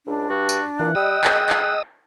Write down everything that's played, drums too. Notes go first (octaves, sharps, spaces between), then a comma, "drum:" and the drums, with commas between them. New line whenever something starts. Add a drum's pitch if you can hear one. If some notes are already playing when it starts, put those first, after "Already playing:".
C#2 D4
G2 F#4
drum: tambourine
A#2 E3 F#5
G3 D#5 G5 D#6 E6
G#3, drum: clap
drum: clap